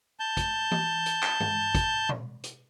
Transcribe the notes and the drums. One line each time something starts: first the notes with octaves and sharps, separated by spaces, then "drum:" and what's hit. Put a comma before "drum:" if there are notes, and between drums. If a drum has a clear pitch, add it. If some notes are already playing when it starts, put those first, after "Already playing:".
A5 G6
drum: kick, hi-hat
drum: tom E3
drum: hi-hat
drum: clap
drum: tom G2
drum: kick, hi-hat
drum: tom A#2
drum: hi-hat